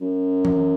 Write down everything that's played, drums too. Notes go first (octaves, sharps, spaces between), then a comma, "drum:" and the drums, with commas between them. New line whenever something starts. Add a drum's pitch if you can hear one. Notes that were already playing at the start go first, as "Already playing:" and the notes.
F#2
drum: tom E3